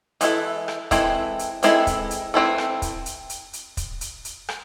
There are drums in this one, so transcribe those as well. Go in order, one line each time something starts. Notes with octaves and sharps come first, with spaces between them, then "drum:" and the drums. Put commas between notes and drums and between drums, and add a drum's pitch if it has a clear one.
E3 G#3 C4 E4 A4, drum: hi-hat
drum: rim click
E3 G#3 C4 E4 A4, drum: kick, hi-hat
drum: hi-hat
E3 G#3 C4 E4 A4, drum: hi-hat
drum: kick, hi-hat
drum: hi-hat
E3 G#3 C4 E4 A4
drum: rim click
drum: kick, hi-hat
drum: hi-hat
drum: hi-hat
drum: hi-hat
drum: kick, hi-hat
drum: hi-hat
drum: hi-hat
drum: rim click